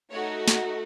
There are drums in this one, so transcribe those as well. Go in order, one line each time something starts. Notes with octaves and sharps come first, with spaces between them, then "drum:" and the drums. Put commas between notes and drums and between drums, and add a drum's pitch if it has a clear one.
A3 D#4 F#4 C#5
drum: snare